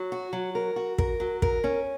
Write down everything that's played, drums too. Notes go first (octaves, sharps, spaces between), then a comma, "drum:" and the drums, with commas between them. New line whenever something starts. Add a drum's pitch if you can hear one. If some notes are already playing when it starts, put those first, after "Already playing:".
Already playing: F#3
F#4
F#3
A#4
F#4
A#4, drum: kick
F#3
A#4, drum: kick
C#4